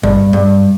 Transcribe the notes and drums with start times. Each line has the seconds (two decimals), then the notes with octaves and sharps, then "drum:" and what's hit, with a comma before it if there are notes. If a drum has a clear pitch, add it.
0.03 G2, drum: kick
0.33 G2